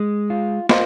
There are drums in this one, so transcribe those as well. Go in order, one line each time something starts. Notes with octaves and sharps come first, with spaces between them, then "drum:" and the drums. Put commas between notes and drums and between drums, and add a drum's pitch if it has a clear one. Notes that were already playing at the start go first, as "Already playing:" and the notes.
Already playing: G#3
F4
F4 C5 D#5, drum: snare